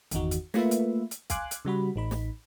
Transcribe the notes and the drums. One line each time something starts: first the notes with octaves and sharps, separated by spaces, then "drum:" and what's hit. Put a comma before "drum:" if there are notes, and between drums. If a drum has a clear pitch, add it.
G1 E2 D#3 D#4 F#4, drum: kick, hi-hat
drum: hi-hat
A3 A#3 F4 B4 E5, drum: snare
drum: hi-hat
drum: hi-hat
F5 G#5 C6 D6 F#6, drum: kick, hi-hat
drum: hi-hat
C#3 G3 F#4 B5
A1 D#4 B5
drum: snare